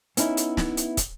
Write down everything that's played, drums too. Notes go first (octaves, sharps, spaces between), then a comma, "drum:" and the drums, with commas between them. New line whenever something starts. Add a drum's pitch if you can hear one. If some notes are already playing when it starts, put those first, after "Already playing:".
B3 C#4 D#4 E4, drum: hi-hat
drum: hi-hat
drum: snare
drum: hi-hat
drum: kick, hi-hat